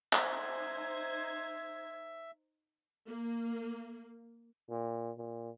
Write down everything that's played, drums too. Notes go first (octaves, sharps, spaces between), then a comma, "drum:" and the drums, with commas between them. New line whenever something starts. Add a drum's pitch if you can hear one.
D#4 C5 E5 G#6, drum: clap
A#3
A#2
A#2